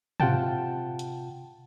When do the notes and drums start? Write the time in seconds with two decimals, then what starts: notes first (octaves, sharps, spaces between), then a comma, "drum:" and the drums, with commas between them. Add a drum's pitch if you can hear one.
0.20 C3 F4 F#5 G5 A5, drum: tom
0.99 drum: hi-hat